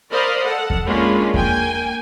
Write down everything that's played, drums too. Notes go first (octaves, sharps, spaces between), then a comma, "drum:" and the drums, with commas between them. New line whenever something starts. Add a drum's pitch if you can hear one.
A#4 C5 D5 D#5 F5 B5
A4 F#5
drum: kick E2
G#3 A#3 C#4 D4 F4 B5
A#3 G5 G#5, drum: kick E2